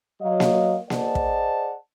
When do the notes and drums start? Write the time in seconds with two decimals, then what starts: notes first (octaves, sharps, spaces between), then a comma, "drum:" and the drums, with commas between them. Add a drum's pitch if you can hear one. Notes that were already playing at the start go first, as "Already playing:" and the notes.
0.21 F#3 D#5 F5
0.40 drum: snare A#3
0.90 G#4 C5 D5 D#5 F#5 A5, drum: snare A#3
1.15 drum: kick